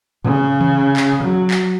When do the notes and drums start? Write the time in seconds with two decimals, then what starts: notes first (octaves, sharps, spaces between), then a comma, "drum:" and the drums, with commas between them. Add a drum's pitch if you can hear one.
0.25 C#3, drum: tom A2
0.61 drum: tom
0.97 drum: clap
1.22 F#3
1.51 drum: clap